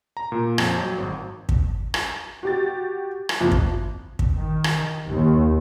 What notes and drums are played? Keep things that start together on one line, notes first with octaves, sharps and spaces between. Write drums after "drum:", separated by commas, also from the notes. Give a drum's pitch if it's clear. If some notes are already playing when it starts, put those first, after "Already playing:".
A#5
A#2
F2, drum: rim click
F#3
G#1
drum: kick
drum: rim click
F#4 G4 A6
drum: rim click
F#1 F3 C4
drum: kick
drum: kick
D#3
drum: rim click
D#2